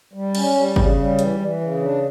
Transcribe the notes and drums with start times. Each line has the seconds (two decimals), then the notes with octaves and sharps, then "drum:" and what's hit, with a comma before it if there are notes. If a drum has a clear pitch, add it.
0.13 G3
0.35 C#4, drum: cymbal
0.55 G3
0.76 C#3, drum: kick G1
0.98 G3
1.19 E3, drum: hi-hat
1.40 E3
1.61 C#3
1.82 D4